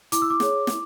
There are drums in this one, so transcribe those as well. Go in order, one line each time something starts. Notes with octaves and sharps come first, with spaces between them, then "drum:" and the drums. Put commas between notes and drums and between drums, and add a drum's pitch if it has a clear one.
E4 D6, drum: hi-hat
E6
D6
G#4 C#5, drum: snare
E4, drum: snare